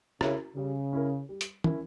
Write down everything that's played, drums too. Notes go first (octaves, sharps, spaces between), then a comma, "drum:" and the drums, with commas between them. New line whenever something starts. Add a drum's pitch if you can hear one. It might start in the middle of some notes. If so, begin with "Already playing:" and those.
C#3 C#4 E4 A#4, drum: rim click
C#3 G3
C#4 E4 A#4
G3
drum: hi-hat
C#4 E4 A#4, drum: tom